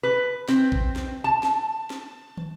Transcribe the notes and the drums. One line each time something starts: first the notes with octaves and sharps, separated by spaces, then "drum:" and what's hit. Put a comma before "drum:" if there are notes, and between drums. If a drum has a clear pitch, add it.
B4
C4, drum: snare
drum: kick A#1
drum: snare
A5
drum: snare
drum: snare
drum: tom